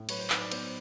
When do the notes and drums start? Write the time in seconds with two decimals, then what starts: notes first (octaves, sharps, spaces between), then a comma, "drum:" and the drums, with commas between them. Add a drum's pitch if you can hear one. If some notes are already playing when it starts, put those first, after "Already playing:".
Already playing: A2
0.09 F#3 B4 C#5, drum: cymbal
0.19 C5
0.30 D#4 B4, drum: clap
0.41 C5 D5
0.51 B3 C5, drum: cymbal